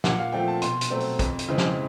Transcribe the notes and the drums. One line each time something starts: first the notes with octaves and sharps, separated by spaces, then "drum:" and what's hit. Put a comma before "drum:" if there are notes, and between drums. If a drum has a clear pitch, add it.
A#2 F#5, drum: snare
F5
F3 A3 C4 G5
A5
B2 C6, drum: hi-hat
drum: hi-hat
F#3 A3 C4
drum: open hi-hat
F2, drum: kick, hi-hat
drum: hi-hat
C#3 E3 G#3 C4
drum: snare